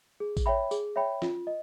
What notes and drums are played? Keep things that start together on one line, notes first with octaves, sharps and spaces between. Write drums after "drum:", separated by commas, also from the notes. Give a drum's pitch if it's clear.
G#4
drum: kick A1, tambourine
C#5 E5 G5 B5
G#4, drum: tambourine
C#5 E5 G5 B5
F4, drum: snare
D#5